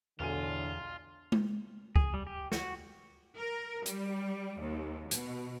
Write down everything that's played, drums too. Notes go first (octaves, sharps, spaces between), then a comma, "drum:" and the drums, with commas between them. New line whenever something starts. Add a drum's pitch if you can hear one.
B1 E2 A2 D3 F4 G#5 D#7
drum: tom G#3
G#4, drum: kick C#2
G3
G4
F#4, drum: snare
A#4
G3, drum: hi-hat
D#2
B2, drum: hi-hat